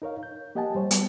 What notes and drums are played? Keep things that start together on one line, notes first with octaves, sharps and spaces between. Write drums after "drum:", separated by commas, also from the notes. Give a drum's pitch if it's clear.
D#4 A#4 C#5 F5
G6
A#3 G4 D#5 F#5 G#5 A5
G3 C5 C#5
G3 B3, drum: hi-hat